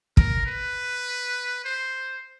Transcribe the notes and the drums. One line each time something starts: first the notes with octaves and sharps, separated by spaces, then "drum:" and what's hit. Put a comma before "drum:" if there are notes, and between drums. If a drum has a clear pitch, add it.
A#4, drum: kick
B4
C5